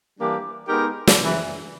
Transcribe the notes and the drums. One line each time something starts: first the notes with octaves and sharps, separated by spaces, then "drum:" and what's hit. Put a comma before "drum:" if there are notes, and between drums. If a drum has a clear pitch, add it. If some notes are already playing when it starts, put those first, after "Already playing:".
E3 G3 A#3 D4 G4
G#3 B3 D#4 G4 A#4
drum: snare
F#2 C#3 E3